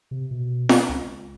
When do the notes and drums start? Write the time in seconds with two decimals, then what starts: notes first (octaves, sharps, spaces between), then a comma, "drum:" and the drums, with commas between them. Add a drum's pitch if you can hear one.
0.11 C3
0.31 B2
0.69 drum: snare
0.89 C#2